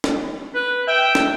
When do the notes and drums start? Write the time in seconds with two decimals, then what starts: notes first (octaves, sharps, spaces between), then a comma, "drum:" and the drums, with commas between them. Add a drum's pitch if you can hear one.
0.04 drum: snare
0.55 B4
0.87 E5 G5
1.15 drum: snare